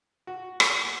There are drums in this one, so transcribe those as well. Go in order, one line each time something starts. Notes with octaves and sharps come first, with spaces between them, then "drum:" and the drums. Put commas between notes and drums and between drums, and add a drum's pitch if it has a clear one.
F#4
drum: rim click